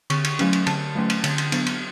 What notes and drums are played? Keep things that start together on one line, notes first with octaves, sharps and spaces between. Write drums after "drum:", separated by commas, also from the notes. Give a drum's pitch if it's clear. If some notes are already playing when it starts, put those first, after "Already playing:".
D3 C#6, drum: cymbal
drum: cymbal
F#3 A3 C#4, drum: cymbal
drum: cymbal
D3 A5, drum: cymbal
F#3 A3 C#4
drum: cymbal
D3, drum: cymbal
drum: cymbal
F#3 B3 D4, drum: cymbal
drum: cymbal